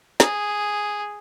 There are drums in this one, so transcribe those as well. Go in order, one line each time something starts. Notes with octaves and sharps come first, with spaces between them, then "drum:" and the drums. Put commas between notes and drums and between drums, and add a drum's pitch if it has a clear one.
G#4, drum: snare